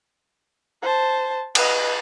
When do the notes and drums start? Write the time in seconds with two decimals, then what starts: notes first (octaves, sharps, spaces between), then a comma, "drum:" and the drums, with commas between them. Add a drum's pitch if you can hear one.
0.83 C5 A5
1.55 B4 D#5, drum: cymbal